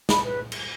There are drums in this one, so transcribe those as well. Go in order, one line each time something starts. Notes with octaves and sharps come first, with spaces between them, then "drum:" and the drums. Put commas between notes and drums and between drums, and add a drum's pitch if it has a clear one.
A5 B5, drum: snare
B4
drum: cymbal